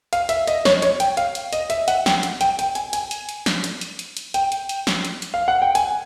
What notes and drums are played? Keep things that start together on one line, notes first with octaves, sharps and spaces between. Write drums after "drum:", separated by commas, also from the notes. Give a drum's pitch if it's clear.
F5, drum: hi-hat
E5, drum: hi-hat
D#5, drum: hi-hat
C#5, drum: snare
C#5, drum: hi-hat
G5, drum: hi-hat
F5, drum: hi-hat
drum: hi-hat
D#5, drum: hi-hat
E5, drum: hi-hat
F#5, drum: hi-hat
G5, drum: snare
drum: hi-hat
G5, drum: hi-hat
G5, drum: hi-hat
G#5, drum: hi-hat
G#5, drum: hi-hat
drum: hi-hat
drum: hi-hat
drum: snare
drum: hi-hat
drum: hi-hat
drum: hi-hat
drum: hi-hat
G5, drum: hi-hat
drum: hi-hat
drum: hi-hat
drum: snare
drum: hi-hat
drum: hi-hat
F5
F#5
G5
G#5, drum: hi-hat